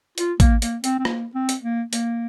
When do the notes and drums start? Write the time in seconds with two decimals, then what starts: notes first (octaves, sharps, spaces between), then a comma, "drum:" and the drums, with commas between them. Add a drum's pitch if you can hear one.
0.18 F4, drum: hi-hat
0.40 A#3, drum: kick, hi-hat
0.62 A#3, drum: hi-hat
0.84 C4, drum: hi-hat
0.99 C4
1.05 A#3, drum: rim click
1.35 C4
1.49 drum: hi-hat
1.63 A#3
1.93 A#3, drum: hi-hat